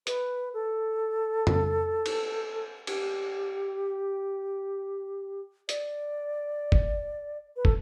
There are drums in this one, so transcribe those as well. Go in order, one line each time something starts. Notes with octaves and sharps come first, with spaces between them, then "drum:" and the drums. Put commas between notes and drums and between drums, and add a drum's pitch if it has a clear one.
B4, drum: hi-hat
A4
drum: tom F2
drum: cymbal
G4, drum: cymbal
D5, drum: hi-hat
drum: kick
B4
A4, drum: kick